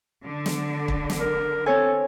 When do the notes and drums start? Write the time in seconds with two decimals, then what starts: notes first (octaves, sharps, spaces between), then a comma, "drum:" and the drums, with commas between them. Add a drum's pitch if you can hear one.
0.24 D3
0.46 drum: snare
0.88 drum: kick
1.10 drum: snare
1.20 A#4
1.66 C4 A4 C#5 G#5